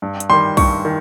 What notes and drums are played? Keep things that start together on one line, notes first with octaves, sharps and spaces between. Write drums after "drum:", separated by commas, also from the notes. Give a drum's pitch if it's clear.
G2
drum: hi-hat
D#3 G3 C6
G2 C#6, drum: kick B1, open hi-hat
D#3